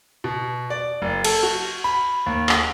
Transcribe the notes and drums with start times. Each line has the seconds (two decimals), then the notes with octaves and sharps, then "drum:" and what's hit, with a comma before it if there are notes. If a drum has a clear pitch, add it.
0.24 B2
0.70 D5
1.02 F#1
1.24 A4, drum: cymbal
1.43 F#4
1.84 B5
2.26 D#2
2.49 drum: clap